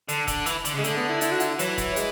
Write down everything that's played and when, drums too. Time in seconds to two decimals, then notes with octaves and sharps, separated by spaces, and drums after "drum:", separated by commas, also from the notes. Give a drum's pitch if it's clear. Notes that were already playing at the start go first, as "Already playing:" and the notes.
0.09 D3, drum: hi-hat
0.28 D3, drum: kick F1, hi-hat
0.46 E3, drum: hi-hat
0.65 D3, drum: hi-hat
0.74 C#3
0.78 G#3
0.84 D3 A3, drum: hi-hat
0.97 B3
1.09 E4
1.21 E4, drum: hi-hat
1.31 F#4
1.40 E4, drum: hi-hat
1.59 E3 F#3, drum: hi-hat
1.78 drum: kick F1, hi-hat
1.92 F#3
1.96 G#3, drum: hi-hat